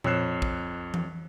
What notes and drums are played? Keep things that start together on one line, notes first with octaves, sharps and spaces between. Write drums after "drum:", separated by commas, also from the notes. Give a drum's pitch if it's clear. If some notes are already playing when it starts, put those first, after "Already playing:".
F2 C#5 E6 F#6 C7 E7, drum: tom A#2
drum: kick
drum: tom E3